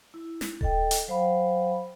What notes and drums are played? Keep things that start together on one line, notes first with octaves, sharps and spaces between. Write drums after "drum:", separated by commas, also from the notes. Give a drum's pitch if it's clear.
E4
drum: snare
A4 D#5 G5, drum: kick D#1
drum: hi-hat
F#3 C5 F5 G5 B5